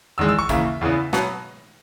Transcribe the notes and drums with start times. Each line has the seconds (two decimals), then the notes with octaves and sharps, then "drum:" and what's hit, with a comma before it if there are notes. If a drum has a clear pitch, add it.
0.18 E2 D#3 G#3 E6
0.29 E6
0.39 C#6
0.49 D#2 C#3 E3 A#3 E5, drum: kick, tambourine
0.81 E2 C#3 E3 B3
1.13 B2 F#3 B3, drum: snare